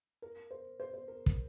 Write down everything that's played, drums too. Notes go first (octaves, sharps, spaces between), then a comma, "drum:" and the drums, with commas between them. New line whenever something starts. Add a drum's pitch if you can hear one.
A#4
C5
C5
C5
A#4
drum: kick